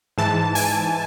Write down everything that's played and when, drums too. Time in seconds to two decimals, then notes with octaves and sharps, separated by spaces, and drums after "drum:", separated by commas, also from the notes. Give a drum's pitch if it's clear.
0.18 G#2 E3 A5
0.55 G#5, drum: open hi-hat